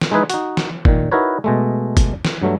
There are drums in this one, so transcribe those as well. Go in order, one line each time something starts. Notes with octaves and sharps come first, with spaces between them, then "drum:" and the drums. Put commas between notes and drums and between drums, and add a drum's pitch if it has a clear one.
drum: snare
G#3 D#4 E4 G#4 B4
D#4 F#4, drum: hi-hat
drum: snare
A#2 D#3, drum: kick G1
D#4 E4 F#4 A#4 B4 C#5
B2 G#3 A3
drum: kick G1, hi-hat
drum: snare
G2 F#3 A3